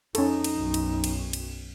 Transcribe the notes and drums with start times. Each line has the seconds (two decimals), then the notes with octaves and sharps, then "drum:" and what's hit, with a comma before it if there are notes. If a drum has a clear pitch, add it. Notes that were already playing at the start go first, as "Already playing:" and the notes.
0.15 F2 C#4 D#4 A4, drum: cymbal
0.44 drum: cymbal
0.56 B1 F#2
0.74 drum: cymbal
1.04 drum: cymbal
1.33 drum: cymbal